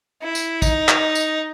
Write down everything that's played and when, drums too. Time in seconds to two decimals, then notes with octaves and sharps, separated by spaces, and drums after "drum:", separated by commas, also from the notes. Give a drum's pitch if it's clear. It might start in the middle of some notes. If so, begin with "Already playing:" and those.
0.22 E4
0.35 drum: tambourine
0.62 D#4, drum: kick, tambourine
0.89 drum: clap
1.15 drum: tambourine